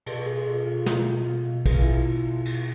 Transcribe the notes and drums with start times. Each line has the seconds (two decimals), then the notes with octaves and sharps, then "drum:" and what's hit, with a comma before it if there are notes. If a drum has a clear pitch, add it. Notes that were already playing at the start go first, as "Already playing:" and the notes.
0.06 B2 A4, drum: cymbal
0.26 B2 G#4
0.47 B2 F4
0.66 B2 F4
0.86 B2 F4, drum: snare
1.06 B2
1.26 B2 F4
1.46 B2
1.66 B2 G#4, drum: kick, cymbal
1.74 F4
1.82 E4
1.86 B2 F4
2.06 B2
2.25 B2
2.45 B2, drum: cymbal